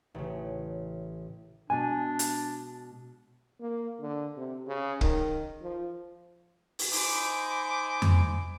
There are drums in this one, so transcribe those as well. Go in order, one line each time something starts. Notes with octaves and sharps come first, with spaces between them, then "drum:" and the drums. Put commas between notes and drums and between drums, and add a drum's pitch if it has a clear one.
A1 C#3
B2 G#3 D4 G#5
drum: hi-hat
A#3
D3
C3
C#3
D#3, drum: kick
F3
drum: open hi-hat
D#4 C5 G#5 B5 D6, drum: open hi-hat
drum: tom F2